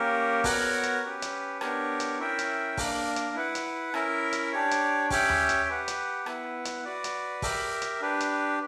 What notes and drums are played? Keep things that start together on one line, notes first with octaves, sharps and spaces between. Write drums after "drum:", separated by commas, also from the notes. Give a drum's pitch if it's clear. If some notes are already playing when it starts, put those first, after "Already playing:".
Already playing: A#3 C#4 G4 A#4
B3 F#4 A#4 C#5 F#5, drum: kick, open hi-hat
drum: hi-hat
C#4 G4 B4
drum: hi-hat
B3 D4 G4 A#4 C#5, drum: rim click
drum: hi-hat
C#4 E4 A#4 E5 G5
drum: hi-hat
A#3 D4 A#4, drum: kick, open hi-hat
drum: hi-hat
E4 B4 F#5
drum: hi-hat
C#4 E4 A#4 E5, drum: rim click
drum: hi-hat
D4 G4 C#5
drum: hi-hat
C#4 G4 C#5 E5 G5, drum: kick, open hi-hat
drum: tom D#2
drum: hi-hat
G4 B4 F#5
drum: hi-hat
B3 E4 B4 F#5, drum: rim click
drum: hi-hat
F#4 B4 D5
drum: hi-hat
G4 A#4 E5, drum: kick, open hi-hat
drum: hi-hat
D4 G4 B4
drum: hi-hat